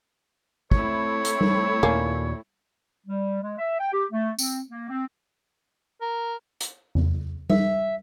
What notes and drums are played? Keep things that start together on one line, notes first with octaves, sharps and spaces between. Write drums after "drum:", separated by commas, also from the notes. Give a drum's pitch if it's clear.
A3 C4 E4 C#5, drum: kick
drum: hi-hat
drum: tom G3
D#2 A#2 A#3 C#4
G3
G#3
E5
G5
G4
A3
C4, drum: tambourine
A#3
C4
A#4
drum: hi-hat
drum: tom E2
E5, drum: tom G3